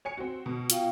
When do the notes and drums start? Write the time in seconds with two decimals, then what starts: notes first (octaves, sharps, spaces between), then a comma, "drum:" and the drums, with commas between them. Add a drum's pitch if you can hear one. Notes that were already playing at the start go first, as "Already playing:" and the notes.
0.05 C#5 G#5 C#7
0.18 C4 F#4
0.46 B2
0.70 F4 F5 G5, drum: hi-hat